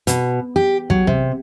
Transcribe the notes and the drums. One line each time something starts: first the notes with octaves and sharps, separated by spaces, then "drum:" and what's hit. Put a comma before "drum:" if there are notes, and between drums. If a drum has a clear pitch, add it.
B2, drum: hi-hat
G4
F#3, drum: kick
C3, drum: kick